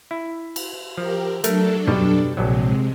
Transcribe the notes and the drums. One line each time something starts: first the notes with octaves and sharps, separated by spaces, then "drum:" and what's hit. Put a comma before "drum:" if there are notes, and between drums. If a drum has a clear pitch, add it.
E4
drum: cymbal
F3 G4 A#4
F#3 A3 D4 A4 A#4, drum: hi-hat
B2 G3, drum: tom
A#1 C3 F#3 G#3